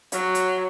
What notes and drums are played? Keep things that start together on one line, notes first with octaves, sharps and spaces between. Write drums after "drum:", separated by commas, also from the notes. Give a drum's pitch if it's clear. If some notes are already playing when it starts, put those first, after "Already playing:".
F#3, drum: hi-hat
drum: hi-hat